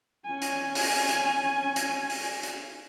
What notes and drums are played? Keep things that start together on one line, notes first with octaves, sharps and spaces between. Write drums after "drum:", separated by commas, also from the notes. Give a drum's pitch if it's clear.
C#4 G#5
drum: hi-hat
drum: open hi-hat
drum: hi-hat
drum: hi-hat
drum: open hi-hat
drum: hi-hat